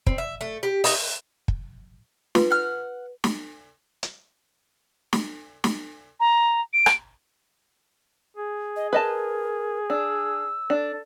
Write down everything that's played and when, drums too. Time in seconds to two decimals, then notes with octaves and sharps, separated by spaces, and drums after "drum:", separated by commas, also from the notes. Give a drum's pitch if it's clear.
0.07 C4, drum: kick
0.18 E5
0.41 A3
0.63 G4
0.84 D#4, drum: open hi-hat
1.48 drum: kick
2.35 F4 B4, drum: snare
2.50 F#5 F6
3.24 drum: snare
4.03 drum: hi-hat
5.13 drum: snare
5.64 drum: snare
6.20 A#5
6.73 D7
6.86 drum: rim click
8.37 G#4
8.76 D#5
8.93 A#4 B4 D#5 A5
9.90 D4 E6
10.70 D4 A4